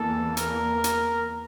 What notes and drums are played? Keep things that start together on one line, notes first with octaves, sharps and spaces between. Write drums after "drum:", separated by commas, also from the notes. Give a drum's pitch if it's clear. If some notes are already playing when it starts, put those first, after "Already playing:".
Already playing: E2 E3 A#3 A4
A#4, drum: hi-hat
drum: hi-hat